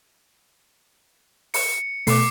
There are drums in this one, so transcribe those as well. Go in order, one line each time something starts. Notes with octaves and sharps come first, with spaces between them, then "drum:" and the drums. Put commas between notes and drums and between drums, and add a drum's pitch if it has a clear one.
C#7, drum: open hi-hat
B2 A3 D6 C7, drum: open hi-hat